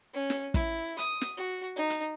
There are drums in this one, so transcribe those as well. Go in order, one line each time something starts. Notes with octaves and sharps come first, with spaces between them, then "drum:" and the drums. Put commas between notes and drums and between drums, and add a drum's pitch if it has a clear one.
C#4
drum: snare
E4, drum: kick, hi-hat
D#6, drum: hi-hat
drum: snare
F#4
D#4
drum: hi-hat